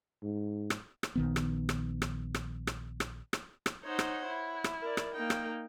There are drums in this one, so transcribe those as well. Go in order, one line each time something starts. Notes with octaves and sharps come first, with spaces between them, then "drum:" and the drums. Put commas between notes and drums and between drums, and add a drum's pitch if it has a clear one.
G#2
drum: rim click
drum: rim click
A#1 D#3 B3
drum: rim click
drum: rim click
drum: rim click
drum: rim click
drum: rim click
drum: rim click
drum: rim click
drum: rim click
D#4 C5 C#5 F#5
drum: rim click
E4
drum: rim click
A#4 D5
drum: rim click
A#3 D#4 G5
drum: rim click